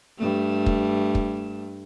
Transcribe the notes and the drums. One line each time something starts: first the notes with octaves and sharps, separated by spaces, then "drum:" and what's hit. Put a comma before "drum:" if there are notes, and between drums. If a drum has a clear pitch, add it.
G2 A3
drum: kick
drum: kick